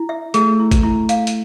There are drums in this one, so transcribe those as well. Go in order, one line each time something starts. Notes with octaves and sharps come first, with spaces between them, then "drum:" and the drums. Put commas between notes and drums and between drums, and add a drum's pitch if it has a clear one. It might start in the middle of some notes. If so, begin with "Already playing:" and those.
Already playing: E4
E5
A3 G#4, drum: hi-hat
E4
drum: kick, hi-hat
E4
F5, drum: hi-hat
drum: hi-hat